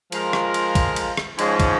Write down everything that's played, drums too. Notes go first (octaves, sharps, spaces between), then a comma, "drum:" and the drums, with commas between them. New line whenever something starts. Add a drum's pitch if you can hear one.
F3 G#3 F4 A#4, drum: cymbal
drum: rim click
drum: cymbal
drum: kick, cymbal
drum: cymbal
drum: rim click
G#2 F3 G#3 C#4, drum: cymbal
drum: kick, cymbal